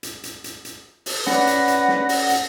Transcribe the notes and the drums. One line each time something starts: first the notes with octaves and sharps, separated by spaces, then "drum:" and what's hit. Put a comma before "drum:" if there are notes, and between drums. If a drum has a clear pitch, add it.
drum: hi-hat
drum: hi-hat
drum: hi-hat
drum: hi-hat
drum: open hi-hat
C#4 B4 D5 F#5 A#6, drum: snare
drum: hi-hat
drum: hi-hat
drum: snare
drum: open hi-hat
drum: hi-hat